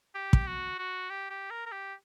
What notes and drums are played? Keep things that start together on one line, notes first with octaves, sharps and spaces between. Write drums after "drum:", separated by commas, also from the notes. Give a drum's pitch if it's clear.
G4
drum: kick
F#4
F#4
G4
G4
A#4
A#4
G4